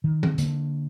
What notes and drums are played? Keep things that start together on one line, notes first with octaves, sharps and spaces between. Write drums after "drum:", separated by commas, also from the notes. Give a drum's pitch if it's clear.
D#3
drum: tom E3
D3 A#3, drum: hi-hat